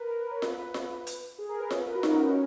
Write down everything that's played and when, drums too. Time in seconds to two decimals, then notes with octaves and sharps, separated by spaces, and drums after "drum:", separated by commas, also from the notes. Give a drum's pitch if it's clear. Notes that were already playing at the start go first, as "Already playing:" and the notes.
Already playing: A#4 B4
0.10 A#4
0.20 B4
0.31 C#5
0.42 B4, drum: snare F4
0.58 B4
0.74 drum: snare F4
1.07 drum: hi-hat
1.39 G#4
1.49 A#4
1.60 B4
1.71 C#5, drum: snare F4
1.79 B4
1.87 A#4
1.95 F#4
2.03 D#4, drum: snare F4
2.14 C#4
2.25 C#4